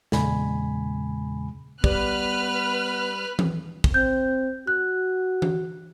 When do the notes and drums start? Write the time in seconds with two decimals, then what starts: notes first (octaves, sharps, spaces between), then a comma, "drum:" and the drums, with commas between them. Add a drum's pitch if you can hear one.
0.12 E2 A#2 C#3 G#3 G#5 B5, drum: snare
1.84 G3 B3 B4 F6 F#6, drum: kick
3.39 drum: tom E3
3.84 drum: kick
3.94 C4 G6
4.67 F#4 F#6
5.42 drum: tom E3